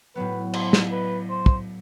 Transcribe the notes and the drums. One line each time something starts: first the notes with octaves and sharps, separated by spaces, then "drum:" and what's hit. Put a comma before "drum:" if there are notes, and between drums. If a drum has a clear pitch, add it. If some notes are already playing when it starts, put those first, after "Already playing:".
A2 F#3 B3 B4
C5, drum: cymbal
drum: snare
B4
C5
drum: kick